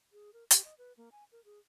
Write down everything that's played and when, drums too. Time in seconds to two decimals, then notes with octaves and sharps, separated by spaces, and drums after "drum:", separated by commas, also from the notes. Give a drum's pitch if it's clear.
0.13 G#4
0.33 A#4
0.51 G4, drum: hi-hat
0.64 D#5
0.78 B4
0.97 A#3
1.12 G#5
1.32 A#4
1.45 G#4